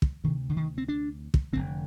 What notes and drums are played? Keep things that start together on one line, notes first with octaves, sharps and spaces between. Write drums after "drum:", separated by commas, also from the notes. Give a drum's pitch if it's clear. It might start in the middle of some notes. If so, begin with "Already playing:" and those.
drum: kick
D2 C3 D#3
D3
D#3
C4
D4
drum: kick
F1 D#2 D3 C4